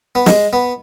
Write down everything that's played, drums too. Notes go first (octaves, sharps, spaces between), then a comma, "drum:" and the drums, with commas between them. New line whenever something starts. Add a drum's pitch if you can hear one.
B3
G#3, drum: snare
B3